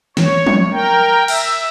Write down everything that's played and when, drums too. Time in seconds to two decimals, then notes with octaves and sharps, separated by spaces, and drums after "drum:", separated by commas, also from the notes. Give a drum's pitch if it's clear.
0.17 C#5, drum: snare
0.47 drum: tom F3
0.72 A#4 G5
1.28 E5, drum: cymbal